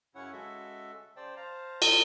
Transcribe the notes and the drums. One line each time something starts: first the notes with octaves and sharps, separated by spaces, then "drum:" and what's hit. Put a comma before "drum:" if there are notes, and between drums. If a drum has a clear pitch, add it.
F#2 C#3 C#4 E4 C#5 F#5
C#3 G#3 F#4 A4 E5
C#3 C5 D5 G5 A5
C5 F5 A5 A#5
drum: cymbal